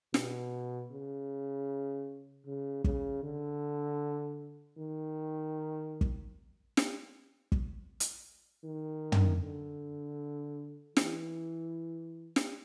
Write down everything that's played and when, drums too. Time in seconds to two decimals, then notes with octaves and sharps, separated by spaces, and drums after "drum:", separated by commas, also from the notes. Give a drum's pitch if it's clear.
0.14 B2, drum: snare
0.91 C#3
2.46 C#3
2.84 C#3, drum: kick
3.23 D3
4.78 D#3
6.01 drum: kick
6.77 drum: snare
7.52 drum: kick
8.00 drum: hi-hat
8.64 D#3
9.12 drum: tom
9.41 D3
10.97 E3, drum: snare
12.36 drum: snare